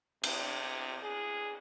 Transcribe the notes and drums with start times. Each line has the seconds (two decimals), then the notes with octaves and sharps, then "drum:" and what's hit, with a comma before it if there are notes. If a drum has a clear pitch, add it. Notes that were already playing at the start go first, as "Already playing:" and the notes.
0.24 C3, drum: cymbal
1.03 G#4